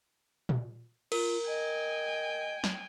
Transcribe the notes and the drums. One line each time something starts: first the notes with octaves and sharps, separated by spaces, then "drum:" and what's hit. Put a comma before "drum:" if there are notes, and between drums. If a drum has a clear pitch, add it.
drum: tom A#2
F4 A#4, drum: cymbal
D#5 G5 G#5
drum: snare